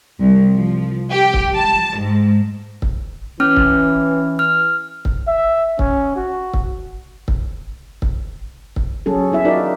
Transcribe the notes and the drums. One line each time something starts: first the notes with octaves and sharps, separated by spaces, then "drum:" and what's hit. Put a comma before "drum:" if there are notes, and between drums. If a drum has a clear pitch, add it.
C2
F3
G4
drum: kick
A5
G#2
drum: kick
E3 C#4 F6
drum: kick
F6
drum: kick
E5
C#4, drum: kick
F#4
drum: kick
drum: kick
drum: kick
drum: kick
F#3 C#4 G#4 A4
B3 E4 E5
D#4 F4 F#4 A#4 D5